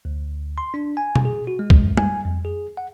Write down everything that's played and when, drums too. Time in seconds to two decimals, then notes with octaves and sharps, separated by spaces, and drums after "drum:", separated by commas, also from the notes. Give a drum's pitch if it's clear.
0.05 D2
0.58 C6
0.74 D4
0.97 G#5
1.15 drum: tom B2
1.25 G#4
1.47 F#4
1.59 G#3
1.70 drum: kick
1.83 F#2
1.97 G#5, drum: tom G3
2.25 F2
2.45 G#4
2.77 F#5